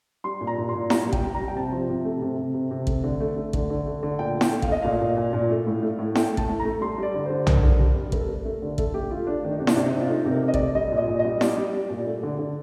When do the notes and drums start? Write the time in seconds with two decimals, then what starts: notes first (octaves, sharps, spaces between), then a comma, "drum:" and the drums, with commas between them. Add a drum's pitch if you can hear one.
0.24 G3 C6
0.41 A#2
0.47 A#5
0.58 A#2
0.69 C6
0.75 A#2
0.90 G3 A#5, drum: snare E4
1.07 G3
1.13 G5, drum: kick
1.23 G3
1.34 G3 A#5
1.48 G5
1.55 C3 A5
1.72 F3
1.89 C3
2.05 A3
2.21 C3
2.39 C3
2.54 C3
2.71 C3
2.87 A3, drum: kick
3.03 D3
3.20 A3
3.36 A3
3.53 D3, drum: kick
3.70 D3
3.86 A3
4.03 D3
4.19 A#2 G5
4.34 A3
4.41 G5, drum: snare E4
4.52 A3
4.62 F5, drum: kick
4.68 A3 D#5
4.82 A#2 F5
5.00 A#2
5.17 A#2
5.33 A#2
5.50 A3
5.67 A2
5.83 A3
5.99 A2
6.15 A3 G5, drum: snare E4
6.32 A3
6.37 A5, drum: kick
6.48 A2
6.60 A#5
6.65 A3
6.81 G3 C6
6.98 G3 D5
7.14 D3
7.26 D3 C5
7.47 D3 A#4, drum: tom B1
7.63 D3
7.79 G3
7.96 G3
8.12 A3 A#4, drum: kick
8.20 A4
8.28 A3 A#4
8.45 A3
8.62 D3
8.78 A3 A4, drum: kick
8.94 A3 G4
9.11 A3 F4
9.27 A3 D4
9.44 D#3 D4
9.52 D#4
9.60 C3 D4
9.67 D#4, drum: snare E4
9.76 C3 D4
9.83 D#4
9.91 C3 D4
10.00 F4
10.09 A3 D#4
10.25 C3
10.31 A#4
10.42 C3
10.48 D#5
10.54 D5, drum: kick
10.59 A3
10.75 G3 D#5
10.92 A#2
10.97 D#5
11.08 A#2
11.19 D#5
11.24 G3
11.41 G3 D5, drum: snare E4
11.57 G3
11.73 G3
11.90 A#2
12.07 A3
12.23 D3
12.39 D3